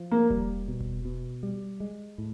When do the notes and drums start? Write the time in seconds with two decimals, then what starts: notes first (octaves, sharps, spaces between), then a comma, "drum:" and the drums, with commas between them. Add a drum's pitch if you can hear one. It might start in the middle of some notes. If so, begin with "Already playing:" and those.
Already playing: F3
0.11 A#3
0.30 G3, drum: kick E1
0.68 B2
0.80 drum: kick E1
1.05 B2
1.43 G3
1.80 G#3
2.18 A2